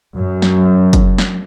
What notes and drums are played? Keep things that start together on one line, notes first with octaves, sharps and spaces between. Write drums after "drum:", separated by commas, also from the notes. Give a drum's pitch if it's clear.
F#2
drum: snare
drum: kick, hi-hat
drum: snare